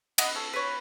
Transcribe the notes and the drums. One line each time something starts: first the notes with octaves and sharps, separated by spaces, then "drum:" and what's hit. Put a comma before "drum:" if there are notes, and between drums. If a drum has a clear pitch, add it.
D#5 F#5 A#5 B5, drum: cymbal
C#4 A4
B4 C#5